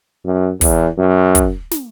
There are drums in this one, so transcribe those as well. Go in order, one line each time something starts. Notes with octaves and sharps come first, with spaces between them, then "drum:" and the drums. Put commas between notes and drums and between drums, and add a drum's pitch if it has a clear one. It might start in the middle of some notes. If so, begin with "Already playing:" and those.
F#2
E2, drum: kick, open hi-hat
F#2
drum: kick, hi-hat
drum: snare